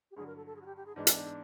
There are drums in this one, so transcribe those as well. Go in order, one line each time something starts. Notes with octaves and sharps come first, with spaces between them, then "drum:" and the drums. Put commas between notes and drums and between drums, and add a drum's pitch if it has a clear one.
G4
G2 D3 F#3 G#4
A#4
A4
A4
G#4
F#4
G4
G4
G#4
G#2 E3 G#3 B3 D4
drum: hi-hat